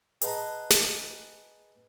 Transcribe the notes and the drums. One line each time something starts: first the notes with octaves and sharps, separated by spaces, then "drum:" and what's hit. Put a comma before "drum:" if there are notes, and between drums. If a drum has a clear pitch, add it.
G#4 B4 D#5 F#5 A5 A#5, drum: hi-hat
drum: snare